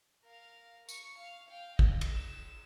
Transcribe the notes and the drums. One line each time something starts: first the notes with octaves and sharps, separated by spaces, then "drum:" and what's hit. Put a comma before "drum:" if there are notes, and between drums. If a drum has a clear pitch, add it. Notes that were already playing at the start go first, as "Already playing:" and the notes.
A#4 F5
C#6 C#7, drum: tambourine
F5
F5 G5
D#5, drum: kick
drum: cymbal
E7